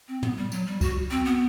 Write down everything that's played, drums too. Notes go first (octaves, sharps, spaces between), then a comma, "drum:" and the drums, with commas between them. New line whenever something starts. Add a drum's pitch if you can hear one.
C4
B3, drum: tom
G3
F#3, drum: tambourine
G3
F#4, drum: kick C2, tambourine
C4
B3